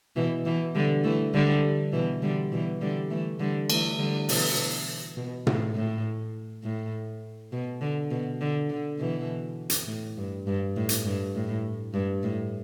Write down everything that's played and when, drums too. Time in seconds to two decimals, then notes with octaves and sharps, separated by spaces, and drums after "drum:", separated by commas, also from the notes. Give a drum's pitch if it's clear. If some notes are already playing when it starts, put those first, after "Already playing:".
0.16 B2 E3
0.45 B2 E3
0.75 D3 G3
1.04 E3 A3
1.34 D3 G3
1.93 B2 E3
2.22 D3 G3
2.52 B2 E3
2.81 D3 G3
3.10 E3 A3
3.40 D3 G3
3.70 E3 A3, drum: cymbal
3.98 D3 G3
4.29 B2 E3, drum: open hi-hat
5.17 B2
5.47 A2, drum: tom
5.76 A2
6.64 A2
7.52 B2
7.81 D3
8.11 B2
8.41 D3
8.70 D3
8.99 B2 E3
9.70 drum: hi-hat
9.88 A2
10.17 G2
10.47 G2
10.77 A2
10.89 drum: hi-hat
11.05 G2
11.35 A2
11.94 G2
12.24 A2